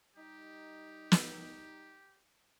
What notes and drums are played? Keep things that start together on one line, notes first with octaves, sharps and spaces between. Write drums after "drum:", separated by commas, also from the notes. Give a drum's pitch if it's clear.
G3 D#4 G4
drum: snare